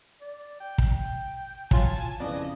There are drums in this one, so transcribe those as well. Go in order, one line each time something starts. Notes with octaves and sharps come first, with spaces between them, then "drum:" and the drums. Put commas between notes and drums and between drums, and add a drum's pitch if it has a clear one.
D5
G5
drum: kick
F#3 F4 C#5 G#5 A5, drum: kick
F2 C#3 E3 D5 D#5